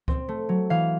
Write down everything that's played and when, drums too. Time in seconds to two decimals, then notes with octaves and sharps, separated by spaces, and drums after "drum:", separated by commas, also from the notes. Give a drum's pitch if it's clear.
0.08 C4, drum: kick C#2
0.29 A3
0.49 F#3
0.70 E3 F5